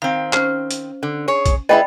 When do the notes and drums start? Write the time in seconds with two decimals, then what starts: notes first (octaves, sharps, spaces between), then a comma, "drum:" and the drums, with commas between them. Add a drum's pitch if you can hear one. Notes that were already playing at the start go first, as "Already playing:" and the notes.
0.02 D#3 C4 F5
0.33 C#4 C5 F6, drum: clap
0.71 drum: hi-hat
1.03 D3
1.28 G#4 C#5
1.46 drum: kick, hi-hat
1.69 E4 G#4 B4 D5 D#5 G5 B5